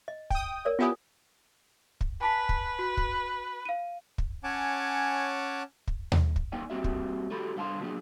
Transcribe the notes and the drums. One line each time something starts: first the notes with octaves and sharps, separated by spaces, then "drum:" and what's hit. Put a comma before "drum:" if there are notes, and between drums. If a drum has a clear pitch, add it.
D#5
G5 D#6, drum: kick
A#4 C#5 D5
B3 E4 F4 G4 G#5 D#6
drum: kick
B4 G#5 A5 B6
drum: kick
F#4
drum: kick
F5 D#7
drum: kick
C#4 C#5 F#5 G#5 A5 D6
drum: kick
drum: tom D#2
drum: kick
A#3 D#4 D5 G5 G#5
G3 A#3 C4 F#4 E5
drum: kick
A3 F#4 G4 A4 B5
G2 D3 F5 A5 C6
F3 F#3 A#3 D4 G#4